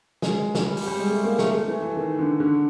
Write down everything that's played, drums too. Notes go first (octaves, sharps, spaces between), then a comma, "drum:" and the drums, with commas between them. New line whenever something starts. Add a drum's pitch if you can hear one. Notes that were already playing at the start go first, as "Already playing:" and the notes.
G#3, drum: snare
drum: snare
G3
G3, drum: open hi-hat
G3
G#3
A3
A#3
A3, drum: snare
A3
E3
E3
D#3
D3
D3